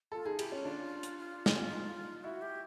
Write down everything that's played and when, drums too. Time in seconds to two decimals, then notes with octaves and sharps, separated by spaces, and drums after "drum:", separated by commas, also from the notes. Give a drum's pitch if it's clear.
0.12 F4 A4
0.25 D#4 G#4
0.39 E4 G4, drum: cymbal
0.51 C#4 F4
0.64 D4 F4
1.03 drum: hi-hat
1.19 F4
1.46 drum: snare
1.71 D#4
2.24 E4 F#4
2.42 G4